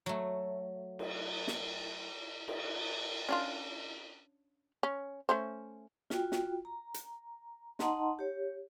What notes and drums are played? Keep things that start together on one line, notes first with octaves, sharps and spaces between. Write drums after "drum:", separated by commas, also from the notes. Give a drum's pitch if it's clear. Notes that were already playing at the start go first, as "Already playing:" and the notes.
F#3 A3
drum: cymbal
drum: snare
drum: cymbal
C#4 D4 F4
C#4
A3 C#4 C5
F4 F#4 G5, drum: snare
drum: snare
A#5
drum: hi-hat
D#4 D#5 F#5 A5 A#5 C6, drum: snare
G4 C#5